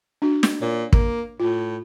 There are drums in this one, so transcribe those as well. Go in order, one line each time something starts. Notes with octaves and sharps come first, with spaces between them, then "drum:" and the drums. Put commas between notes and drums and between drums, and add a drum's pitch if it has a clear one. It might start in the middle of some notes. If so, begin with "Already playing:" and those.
D4 F#4
drum: snare
A#2 C#5
A#3, drum: kick
A2 F4